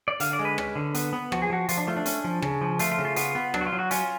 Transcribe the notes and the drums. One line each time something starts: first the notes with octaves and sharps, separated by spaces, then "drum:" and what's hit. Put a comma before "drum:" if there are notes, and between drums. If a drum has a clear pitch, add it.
D5
D3 F5, drum: hi-hat
D5
G#3
B4
C#4, drum: rim click
D3
B3, drum: hi-hat
B3
F3 F#4, drum: rim click
G#4
F3 F#4
F3 F4, drum: hi-hat
D4
A3 F4
D4
C#4, drum: hi-hat
F3
C#3, drum: rim click
F3
A3 F4, drum: hi-hat
F4
C#3
F4
B3 F4, drum: hi-hat
B3
F#3 D4, drum: rim click
F#4
F4
F#3
F#4
C#4 F4, drum: hi-hat